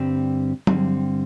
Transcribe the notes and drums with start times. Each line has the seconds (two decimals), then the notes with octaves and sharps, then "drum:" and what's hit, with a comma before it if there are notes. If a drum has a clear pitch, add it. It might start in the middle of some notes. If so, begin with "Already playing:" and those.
Already playing: G2 D3 G3 C4
0.67 G2 D3 G3 C4, drum: tom